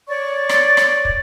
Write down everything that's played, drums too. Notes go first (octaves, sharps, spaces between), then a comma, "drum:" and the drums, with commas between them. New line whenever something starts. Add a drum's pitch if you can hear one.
C#5 D5 C#6
drum: rim click
drum: rim click
drum: kick